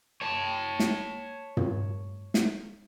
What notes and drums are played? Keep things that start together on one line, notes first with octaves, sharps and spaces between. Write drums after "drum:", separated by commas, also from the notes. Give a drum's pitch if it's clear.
C#5 A5
drum: snare
drum: tom
drum: snare